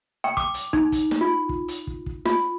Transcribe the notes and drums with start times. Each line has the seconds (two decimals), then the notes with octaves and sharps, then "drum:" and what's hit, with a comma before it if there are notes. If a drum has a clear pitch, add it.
0.24 G5
0.37 D6, drum: kick
0.54 drum: hi-hat
0.73 D#4, drum: kick
0.92 drum: kick, hi-hat
1.11 drum: snare
1.21 F4
1.49 drum: kick
1.68 drum: hi-hat
1.87 drum: kick
2.06 drum: kick
2.25 F4, drum: snare